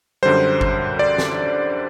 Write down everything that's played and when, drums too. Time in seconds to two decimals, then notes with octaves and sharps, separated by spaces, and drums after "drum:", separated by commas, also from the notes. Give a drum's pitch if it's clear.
0.23 F#2 D3 G3 C5
0.61 drum: kick G1
0.99 D5
1.18 drum: snare